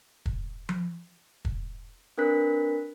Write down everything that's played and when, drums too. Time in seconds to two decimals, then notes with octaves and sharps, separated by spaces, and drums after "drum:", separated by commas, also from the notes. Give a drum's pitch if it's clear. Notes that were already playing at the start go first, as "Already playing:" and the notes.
0.26 drum: kick
0.69 drum: tom F3
1.45 drum: kick
2.18 C4 D4 A#4 B4 F#6 B6